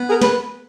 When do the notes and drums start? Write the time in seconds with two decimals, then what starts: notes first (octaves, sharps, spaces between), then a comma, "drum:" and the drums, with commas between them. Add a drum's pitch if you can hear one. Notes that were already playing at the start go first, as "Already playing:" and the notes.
Already playing: B3
0.09 G#4 A#4
0.22 B4, drum: snare